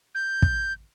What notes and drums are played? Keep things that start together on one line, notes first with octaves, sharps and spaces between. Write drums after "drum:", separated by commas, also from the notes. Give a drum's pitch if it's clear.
G6
drum: kick